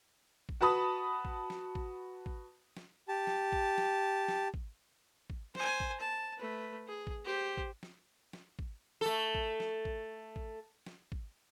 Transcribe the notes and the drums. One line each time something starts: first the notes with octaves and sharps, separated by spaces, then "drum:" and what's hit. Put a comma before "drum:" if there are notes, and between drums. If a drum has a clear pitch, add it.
drum: kick
F#4 B4 A5 B5 D#6
drum: kick
drum: snare
drum: kick
drum: kick
drum: snare
G4 A5
drum: snare
drum: kick
drum: snare
drum: snare
drum: kick
drum: kick
C5 G#5, drum: snare
drum: kick
A5
A3 B4
G#4
drum: kick
G4 C5
drum: kick
drum: snare
drum: snare
drum: kick
A3 A4
drum: kick
drum: snare
drum: kick
drum: kick
drum: snare
drum: kick